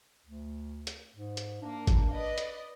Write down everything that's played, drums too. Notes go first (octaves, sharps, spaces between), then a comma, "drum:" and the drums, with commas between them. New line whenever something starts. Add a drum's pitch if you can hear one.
D2
drum: hi-hat
G#2
drum: hi-hat
A#3 D4
drum: kick G#1, hi-hat
B4 D5 D#5
drum: hi-hat